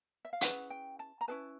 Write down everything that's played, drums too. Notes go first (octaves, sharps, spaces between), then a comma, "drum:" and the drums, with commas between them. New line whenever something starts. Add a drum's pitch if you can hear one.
E5
F5
C#4 E4 G#4 B4 F#5, drum: hi-hat
G5
A5
A#5
C#4 E4 G#4 B4 A5